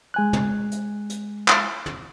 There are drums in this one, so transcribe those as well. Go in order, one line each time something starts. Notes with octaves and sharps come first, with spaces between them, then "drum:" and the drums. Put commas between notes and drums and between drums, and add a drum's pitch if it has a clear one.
G#3 G#5 F#6
drum: tom
drum: hi-hat
drum: hi-hat
drum: clap
drum: tom